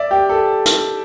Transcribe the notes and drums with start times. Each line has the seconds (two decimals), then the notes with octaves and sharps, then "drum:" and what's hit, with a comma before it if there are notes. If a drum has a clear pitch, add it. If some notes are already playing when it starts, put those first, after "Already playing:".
Already playing: D5 E5
0.11 G4
0.29 A4
0.66 drum: hi-hat